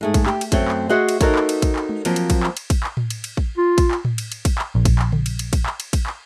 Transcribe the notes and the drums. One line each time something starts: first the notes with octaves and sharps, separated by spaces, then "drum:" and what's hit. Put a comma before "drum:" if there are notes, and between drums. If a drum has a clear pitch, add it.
G#2 A3 G#4
drum: kick A1, cymbal
G4, drum: clap
drum: cymbal
F#2 A3 C4 F#4 C#5 G5, drum: kick A1, cymbal
drum: clap
F#4 G#4 C5 D#5 E5 F#5
drum: cymbal
D#4 F#4 A4 A#4 C5 C#5, drum: kick A1, cymbal
drum: clap
drum: cymbal
drum: kick A1, cymbal
drum: clap
drum: tom G#3
F3 F#3 A#3 C4, drum: cymbal
drum: cymbal
drum: kick A1, cymbal
drum: clap
drum: cymbal
drum: kick A1, cymbal
drum: clap
drum: tom A2
drum: cymbal
drum: cymbal
drum: kick A1
F4
drum: kick A1, cymbal
drum: clap
drum: tom A2
drum: cymbal
drum: cymbal
drum: kick A1, cymbal
drum: clap
A#1
drum: kick A1, cymbal
drum: clap
drum: tom C#3
drum: cymbal
drum: cymbal
drum: kick A1, cymbal
drum: clap
drum: cymbal
drum: kick A1, cymbal
drum: clap